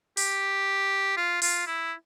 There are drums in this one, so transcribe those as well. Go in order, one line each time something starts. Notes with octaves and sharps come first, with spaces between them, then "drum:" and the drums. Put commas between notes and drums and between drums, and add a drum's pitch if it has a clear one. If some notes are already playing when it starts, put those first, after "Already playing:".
G4, drum: open hi-hat
F4
F4, drum: open hi-hat
E4